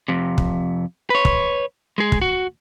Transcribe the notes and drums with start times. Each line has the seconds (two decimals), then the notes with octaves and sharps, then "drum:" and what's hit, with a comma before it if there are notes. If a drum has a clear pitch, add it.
0.08 F2 C3
0.38 drum: kick
1.10 B4 C#5
1.25 drum: kick
1.98 G#3 G#4
2.12 drum: kick
2.21 F#4